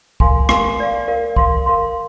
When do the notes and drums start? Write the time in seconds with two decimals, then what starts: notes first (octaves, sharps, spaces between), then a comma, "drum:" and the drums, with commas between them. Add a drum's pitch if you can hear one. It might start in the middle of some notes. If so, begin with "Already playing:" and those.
0.20 A#4 F5 G#5 C6, drum: kick
0.49 A#4 F5 G#5 C6, drum: rim click
0.78 A#4 D5 F5
1.08 A#4 D5 F5
1.36 A#4 F5 C6, drum: kick
1.66 A#4 F5 C6